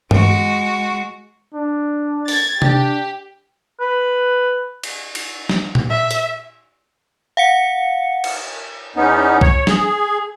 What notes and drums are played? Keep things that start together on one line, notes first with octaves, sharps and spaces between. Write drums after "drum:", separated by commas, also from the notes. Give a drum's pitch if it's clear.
G#3 F#4, drum: tom G2
D4
G#6 A6, drum: open hi-hat
D4 G4, drum: tom C3
B4
drum: cymbal
drum: cymbal
drum: snare
drum: tom A#2
E5
drum: hi-hat
F5 F#5 C#7
drum: cymbal
E2 B3 C#4 D#4
C#5, drum: kick B1
G#4, drum: snare